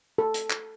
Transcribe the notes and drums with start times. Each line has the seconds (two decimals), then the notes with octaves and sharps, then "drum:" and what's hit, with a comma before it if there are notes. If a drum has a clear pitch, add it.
0.18 A4
0.34 drum: hi-hat
0.50 drum: clap